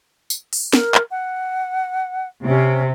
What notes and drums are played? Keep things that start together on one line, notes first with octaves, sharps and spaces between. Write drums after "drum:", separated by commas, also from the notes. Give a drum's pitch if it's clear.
drum: tambourine
drum: open hi-hat
A#4, drum: snare
drum: clap
F#5
C3 C#4